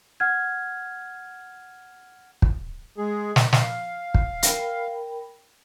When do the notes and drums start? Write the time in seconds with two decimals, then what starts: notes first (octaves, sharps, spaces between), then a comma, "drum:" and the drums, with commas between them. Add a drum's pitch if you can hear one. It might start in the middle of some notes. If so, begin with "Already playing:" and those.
0.20 F#5 F6 G#6
2.42 drum: kick
2.98 G#3 G#4
3.36 drum: snare
3.53 F5, drum: snare
4.14 drum: kick
4.43 A#4 G5 B5, drum: hi-hat